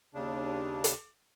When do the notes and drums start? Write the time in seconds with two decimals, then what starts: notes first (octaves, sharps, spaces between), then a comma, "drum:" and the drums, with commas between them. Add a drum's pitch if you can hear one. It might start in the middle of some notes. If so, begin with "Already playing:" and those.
0.14 D#2 C#3 D4
0.84 drum: hi-hat